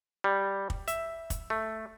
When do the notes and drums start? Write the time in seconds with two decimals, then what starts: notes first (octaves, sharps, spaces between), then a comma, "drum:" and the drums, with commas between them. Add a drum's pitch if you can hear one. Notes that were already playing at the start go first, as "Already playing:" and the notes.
0.24 G3
0.70 drum: kick
0.88 E5, drum: hi-hat
1.30 drum: kick, hi-hat
1.50 A3